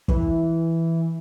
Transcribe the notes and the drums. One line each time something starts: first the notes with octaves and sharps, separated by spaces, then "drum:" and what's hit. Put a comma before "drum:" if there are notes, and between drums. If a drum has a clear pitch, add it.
E3, drum: kick